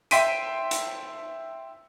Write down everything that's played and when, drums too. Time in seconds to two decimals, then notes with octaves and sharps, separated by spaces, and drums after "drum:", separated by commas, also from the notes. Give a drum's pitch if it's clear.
0.11 E5 G5 C6 B6 D7 D#7, drum: hi-hat
0.71 drum: hi-hat